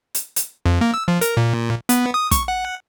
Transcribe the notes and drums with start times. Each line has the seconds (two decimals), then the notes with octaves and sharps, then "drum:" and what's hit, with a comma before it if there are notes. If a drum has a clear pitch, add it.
0.15 drum: hi-hat
0.36 drum: hi-hat
0.66 F2
0.81 A#3
0.94 E6
1.08 F3
1.21 A#4, drum: hi-hat
1.37 A#2
1.89 B3, drum: hi-hat
2.14 D#6
2.31 C#6, drum: kick, hi-hat
2.48 F#5